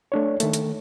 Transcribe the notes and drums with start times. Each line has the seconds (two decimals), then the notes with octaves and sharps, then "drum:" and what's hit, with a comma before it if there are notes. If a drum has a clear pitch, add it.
0.12 A3 D4 C#5
0.40 D#3 A3, drum: hi-hat
0.53 drum: hi-hat